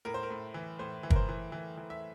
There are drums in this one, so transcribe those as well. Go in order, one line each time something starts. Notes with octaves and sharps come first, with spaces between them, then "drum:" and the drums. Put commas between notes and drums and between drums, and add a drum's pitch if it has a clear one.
A2 A#4
C5
A#4
A2
E3
A2 C5
E3
A#4, drum: kick
C5
E3
E3
E3
E5